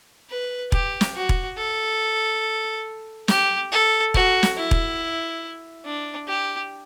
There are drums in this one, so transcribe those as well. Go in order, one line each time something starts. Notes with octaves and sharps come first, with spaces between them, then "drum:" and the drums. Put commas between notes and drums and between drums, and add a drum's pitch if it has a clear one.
B4
G4, drum: kick E1
drum: snare
F#4
drum: kick E1
A4
G4, drum: snare
A4
F#4, drum: kick E1
drum: snare
E4
drum: kick E1
D4
G4